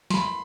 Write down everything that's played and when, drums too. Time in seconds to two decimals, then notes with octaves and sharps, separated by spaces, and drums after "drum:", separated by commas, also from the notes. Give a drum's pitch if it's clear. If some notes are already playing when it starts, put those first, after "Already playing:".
0.10 C6, drum: snare
0.14 B5